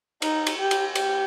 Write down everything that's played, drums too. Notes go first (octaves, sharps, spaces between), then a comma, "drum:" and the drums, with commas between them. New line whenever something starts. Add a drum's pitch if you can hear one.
D#4, drum: cymbal
drum: cymbal
G4
drum: cymbal
G4, drum: cymbal